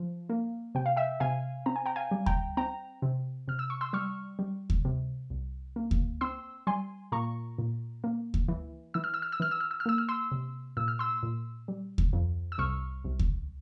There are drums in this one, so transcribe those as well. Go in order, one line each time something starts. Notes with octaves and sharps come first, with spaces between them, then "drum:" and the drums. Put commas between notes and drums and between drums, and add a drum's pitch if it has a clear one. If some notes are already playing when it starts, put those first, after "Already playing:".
Already playing: F3
A#3
C3 G5
F5
E5 G5
C3 F5 G#5
C4 A#5
G#5
G5 A#5
F5 G#5
G3
G5 A#5, drum: kick D2
C4 G5 A#5
C3
C3 F6
E6
C#6
C6 E6
G3 C#6 F6
G3
drum: kick D2
C3
C2
A#3
drum: kick D2
C4 C6 E6
G3 G#5 C6
A#2 A#5 C#6
A#2
A#3
drum: kick D2
E3
E3 E6
F6
E6
F6
E6
E3 F6
E6
F6
E6
F6
A#3 E6
F6
C6 E6
C3
A#2 E6
F6
C6 E6
A#2
G3
drum: kick D2
F2
E6
C2 C#6 F6
C2
drum: kick D2